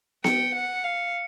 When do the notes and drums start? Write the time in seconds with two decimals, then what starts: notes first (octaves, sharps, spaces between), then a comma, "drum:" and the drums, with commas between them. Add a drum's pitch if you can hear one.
0.24 G5 C#7, drum: snare B3
0.55 F#5
0.84 F5